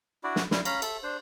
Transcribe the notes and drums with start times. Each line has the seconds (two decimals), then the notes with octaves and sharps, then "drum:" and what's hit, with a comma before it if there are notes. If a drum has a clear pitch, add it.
0.24 D4 E4 F#4 D5
0.36 drum: snare
0.51 G3 E4 C6, drum: snare
0.65 C#4 F5 A#5 B5, drum: cymbal
0.82 A4 E5, drum: cymbal
1.03 D4 C5